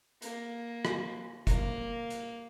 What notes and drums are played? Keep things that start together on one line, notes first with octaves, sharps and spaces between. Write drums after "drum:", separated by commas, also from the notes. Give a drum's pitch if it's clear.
A#3, drum: hi-hat
drum: rim click
A#3, drum: kick, hi-hat
drum: hi-hat